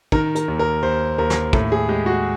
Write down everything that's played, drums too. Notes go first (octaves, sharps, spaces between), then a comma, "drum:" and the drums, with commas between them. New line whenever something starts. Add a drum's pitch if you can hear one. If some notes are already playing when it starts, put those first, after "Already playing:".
D#3 A#4, drum: kick
A#4, drum: hi-hat
D#2
A#4
D#2 C5
D#2 A#4
drum: snare
A2 A4, drum: kick
G#4
G#3 G4
F#4